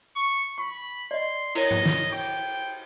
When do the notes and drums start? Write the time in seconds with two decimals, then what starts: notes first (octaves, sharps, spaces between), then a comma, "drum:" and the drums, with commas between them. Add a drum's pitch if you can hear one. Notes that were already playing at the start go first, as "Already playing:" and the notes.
0.16 C#6
0.58 B5 C#6
1.11 D5 D#5 C6
1.55 E4 A#4 C#5 D#5, drum: cymbal
1.71 drum: tom G#2
1.86 drum: snare
2.12 G5 D6